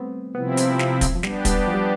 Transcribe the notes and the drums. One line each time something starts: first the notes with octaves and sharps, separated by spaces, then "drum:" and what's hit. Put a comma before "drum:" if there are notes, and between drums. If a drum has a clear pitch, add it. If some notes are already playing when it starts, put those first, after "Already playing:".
Already playing: G3 A3 B3 C4
C3 F3 B3 C4 E4
drum: hi-hat
drum: snare
drum: kick, hi-hat
F3
G3 B3 D4 G4, drum: snare
G3, drum: kick, hi-hat
F3
G3